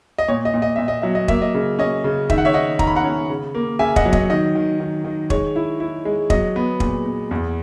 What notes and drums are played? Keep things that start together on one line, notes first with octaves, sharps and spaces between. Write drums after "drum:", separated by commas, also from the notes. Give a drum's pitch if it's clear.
D#5
A#2 C#5
D#5
A#2
D#5
A#2 E5
D#5
F#3 E5
D#5
A#3 E5, drum: kick
D#5
C#3
C#4 D#5
C#3
D#3 E5, drum: kick
F#5
C#5 E5
D#3 D#5 F#5
D#3 A#5, drum: kick
B5
F#5 A#5
C#4
C#3
A#3
C#3 E5 G#5
D#5 F#5, drum: kick
F#3
D#5, drum: kick
D#3 D#5
D#3
D#3
D#3
G#3 C#5, drum: kick
E4
E4
G#3
F#3 D#5, drum: kick
B3
A#2, drum: kick
B3
E2